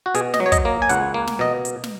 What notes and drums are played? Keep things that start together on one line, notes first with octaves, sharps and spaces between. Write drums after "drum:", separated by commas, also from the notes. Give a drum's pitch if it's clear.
F#4
B2 G#4, drum: hi-hat
D#5, drum: snare
F#3
C#5
D#5, drum: kick, hi-hat
A#3
G#5
C#2 F#5, drum: hi-hat
A#3
drum: snare
B2 D#5
drum: hi-hat
drum: snare